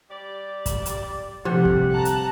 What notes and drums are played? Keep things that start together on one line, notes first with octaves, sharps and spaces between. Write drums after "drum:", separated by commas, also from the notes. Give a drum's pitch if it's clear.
G3 G4 D5
drum: kick, hi-hat
drum: hi-hat
D2 C3 F3 G3 A3 F#5
drum: kick
A5 A#5 F#6
drum: hi-hat